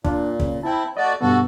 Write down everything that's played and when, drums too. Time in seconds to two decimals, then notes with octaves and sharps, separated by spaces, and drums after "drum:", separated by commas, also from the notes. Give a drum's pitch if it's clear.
0.04 A#2 D4 F4, drum: kick
0.40 C#3, drum: kick
0.63 C4 E4 G5 A5
0.97 A3 F#4 D5 D#5
1.21 G2 B2 B3 F#4 A4